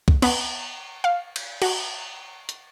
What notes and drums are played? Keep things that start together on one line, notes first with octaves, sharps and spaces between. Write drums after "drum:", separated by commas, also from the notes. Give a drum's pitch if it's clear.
drum: kick C2
B3, drum: cymbal
F5
drum: cymbal
F#4, drum: cymbal
drum: hi-hat